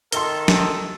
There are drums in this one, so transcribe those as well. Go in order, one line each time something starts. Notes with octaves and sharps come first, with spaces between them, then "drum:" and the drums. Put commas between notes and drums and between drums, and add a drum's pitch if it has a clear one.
D#3 A4 C6 G7, drum: hi-hat
drum: snare